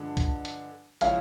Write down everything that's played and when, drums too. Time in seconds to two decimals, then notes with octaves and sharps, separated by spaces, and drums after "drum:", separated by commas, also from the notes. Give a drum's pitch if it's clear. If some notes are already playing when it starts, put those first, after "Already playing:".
Already playing: G2 D3 F3 G#3
0.17 drum: kick, hi-hat
0.45 drum: hi-hat
1.01 C#3 F3 G#3 C#4 E4 F5, drum: hi-hat